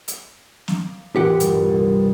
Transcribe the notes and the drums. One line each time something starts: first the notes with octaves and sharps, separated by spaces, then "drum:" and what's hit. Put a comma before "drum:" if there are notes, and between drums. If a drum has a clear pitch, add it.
drum: hi-hat
F5 D6, drum: snare
E1 A#2 F4 G4 F#5
G1, drum: hi-hat
C2